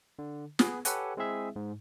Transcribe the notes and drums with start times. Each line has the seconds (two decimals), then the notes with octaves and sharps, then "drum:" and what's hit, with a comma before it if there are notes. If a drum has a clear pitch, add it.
0.19 D3
0.59 B3 G#4 B4, drum: snare
0.85 G4 A4 B4 C#5 F#5 G#5, drum: hi-hat
1.17 G#3 C4 E4 G#4 E5
1.56 G#2